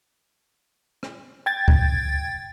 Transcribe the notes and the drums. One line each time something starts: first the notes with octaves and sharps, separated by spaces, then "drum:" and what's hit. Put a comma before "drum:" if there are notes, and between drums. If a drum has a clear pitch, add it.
drum: rim click
G5 G#6 A6
drum: kick C#2